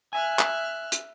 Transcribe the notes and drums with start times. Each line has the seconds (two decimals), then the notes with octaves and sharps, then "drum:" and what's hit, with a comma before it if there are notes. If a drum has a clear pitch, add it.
0.13 E5 G#5 F6 F#6
0.39 drum: clap
0.92 drum: hi-hat